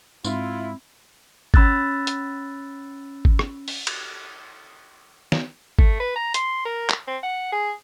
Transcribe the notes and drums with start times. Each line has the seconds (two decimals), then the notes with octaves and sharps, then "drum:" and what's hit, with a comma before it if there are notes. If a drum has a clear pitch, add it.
0.25 G#2 C4 E4 F4, drum: tambourine
1.54 C#4 B5 E6 F#6 A6, drum: kick
2.07 drum: hi-hat
3.25 drum: kick
3.39 drum: rim click
3.68 drum: open hi-hat
3.87 drum: cymbal
5.32 drum: snare
5.79 A3, drum: kick
6.00 B4
6.16 A#5
6.34 C6, drum: hi-hat
6.65 A#4
6.90 drum: clap
7.07 C4
7.23 F#5
7.52 G#4